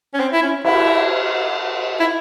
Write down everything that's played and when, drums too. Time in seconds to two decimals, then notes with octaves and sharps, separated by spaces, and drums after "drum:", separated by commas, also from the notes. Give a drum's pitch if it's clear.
0.14 C#4
0.20 C4
0.32 E4
0.42 C#4
0.65 E4, drum: cymbal
2.00 E4